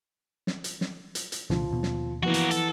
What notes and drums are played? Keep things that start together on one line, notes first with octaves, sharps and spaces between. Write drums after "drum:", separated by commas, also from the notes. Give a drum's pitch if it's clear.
drum: snare
drum: hi-hat
drum: snare
drum: hi-hat
drum: hi-hat
C2 A#2 D3 F3, drum: snare
D#2 B2
drum: snare
E3 F3 A#3 B3 F#4 F#5
drum: hi-hat
A4, drum: hi-hat